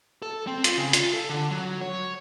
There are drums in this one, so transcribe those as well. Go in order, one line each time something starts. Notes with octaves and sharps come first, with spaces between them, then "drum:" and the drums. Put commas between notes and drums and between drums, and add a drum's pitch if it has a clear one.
A4
C4
F4, drum: hi-hat
C#3
F4, drum: hi-hat
A4
D3
F#3
C#5